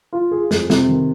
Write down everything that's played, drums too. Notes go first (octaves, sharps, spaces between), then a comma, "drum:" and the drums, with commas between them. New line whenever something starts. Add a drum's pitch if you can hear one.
F4
G#4
F2, drum: snare
C3, drum: snare
D#3